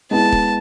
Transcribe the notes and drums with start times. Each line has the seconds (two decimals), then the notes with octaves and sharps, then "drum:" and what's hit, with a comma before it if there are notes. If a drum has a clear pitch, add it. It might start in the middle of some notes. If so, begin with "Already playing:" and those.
0.11 G#3 B3 E4 A5
0.32 drum: kick